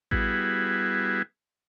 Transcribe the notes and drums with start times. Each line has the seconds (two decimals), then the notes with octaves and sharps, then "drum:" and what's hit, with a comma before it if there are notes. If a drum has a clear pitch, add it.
0.11 G3 B3 E4 F#4 G#4, drum: kick A1